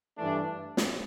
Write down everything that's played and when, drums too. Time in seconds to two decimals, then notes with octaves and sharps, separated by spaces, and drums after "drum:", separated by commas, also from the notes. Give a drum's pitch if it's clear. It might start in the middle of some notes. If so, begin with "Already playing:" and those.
0.17 G2 E3 A3 D4
0.77 drum: snare